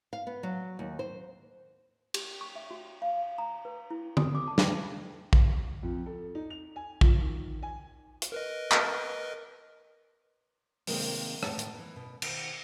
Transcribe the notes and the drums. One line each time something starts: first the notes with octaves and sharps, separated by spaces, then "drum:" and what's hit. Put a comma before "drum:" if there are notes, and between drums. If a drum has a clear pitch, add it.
F5
B3
F#3
D#2
C5
G4, drum: cymbal
C#6
E5
F#4
F5
A#5
B4
E4
A4, drum: tom D3
D6
A5
drum: snare
drum: kick A#1
F2
A4
D#4
F7
G#5
F3, drum: kick A#1
D#3
G#5
drum: hi-hat
A#4 B4 D#5
drum: clap
C3 D#3 G#3 A#3 C4, drum: open hi-hat
A2 D#3 C5 F#5 A5, drum: rim click
drum: hi-hat
E3 B3
B2
D#3, drum: cymbal